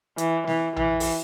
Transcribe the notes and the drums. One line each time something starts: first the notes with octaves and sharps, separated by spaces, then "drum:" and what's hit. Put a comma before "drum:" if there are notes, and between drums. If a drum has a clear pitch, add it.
E3, drum: hi-hat
E3, drum: snare
E3, drum: tom A#1
drum: open hi-hat